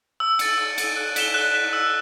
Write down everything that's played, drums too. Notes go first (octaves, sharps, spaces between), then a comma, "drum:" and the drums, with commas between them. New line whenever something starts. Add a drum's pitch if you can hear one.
E6
A6 C#7, drum: cymbal
E6
A6 C#7, drum: cymbal
F#6
B6 E7 G7, drum: cymbal
F#6
B6 E7 G7
E6